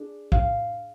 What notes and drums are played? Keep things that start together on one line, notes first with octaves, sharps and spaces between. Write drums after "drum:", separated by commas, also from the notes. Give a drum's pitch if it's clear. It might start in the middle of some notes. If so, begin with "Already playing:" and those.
Already playing: D4 G#4
F5, drum: kick